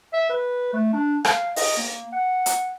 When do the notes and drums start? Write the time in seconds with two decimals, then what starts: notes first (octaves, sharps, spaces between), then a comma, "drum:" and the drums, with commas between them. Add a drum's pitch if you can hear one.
0.13 E5
0.30 B4
0.74 A3
0.93 D4
1.25 F5, drum: rim click
1.56 D#5, drum: open hi-hat
1.77 A#3
2.13 F#5
2.46 drum: hi-hat